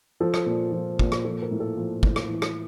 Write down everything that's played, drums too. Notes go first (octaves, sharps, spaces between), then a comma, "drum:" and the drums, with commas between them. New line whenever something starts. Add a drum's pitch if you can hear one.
F3 A4
drum: rim click
A#2
F3
A#2, drum: kick
drum: rim click
F3 A4
A#4
A2
A4
F3
A2, drum: kick
drum: rim click
E3
drum: rim click